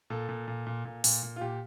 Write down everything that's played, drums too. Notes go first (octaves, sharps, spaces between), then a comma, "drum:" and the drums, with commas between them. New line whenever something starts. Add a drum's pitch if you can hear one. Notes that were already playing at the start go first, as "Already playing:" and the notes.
A#2 A4
A#2
A#2
A#2
A#2
A#2, drum: open hi-hat
A#2
F4
A#2 G4